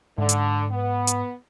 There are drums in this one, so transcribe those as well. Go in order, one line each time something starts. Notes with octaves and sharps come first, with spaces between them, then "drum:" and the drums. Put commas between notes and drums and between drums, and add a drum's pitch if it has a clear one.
G#2 D3
drum: hi-hat
B3
drum: hi-hat